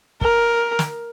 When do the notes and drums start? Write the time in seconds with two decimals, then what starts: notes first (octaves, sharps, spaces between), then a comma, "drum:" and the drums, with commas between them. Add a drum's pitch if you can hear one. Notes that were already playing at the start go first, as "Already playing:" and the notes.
0.21 A#4, drum: kick
0.79 drum: snare